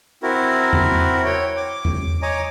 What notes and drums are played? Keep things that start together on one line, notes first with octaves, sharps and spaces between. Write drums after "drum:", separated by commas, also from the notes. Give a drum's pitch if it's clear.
C4 E4 F#4 A#4
drum: tom E2
C#5 G5
D6
drum: tom E2
C#5 D#5 G#5 A#5 D6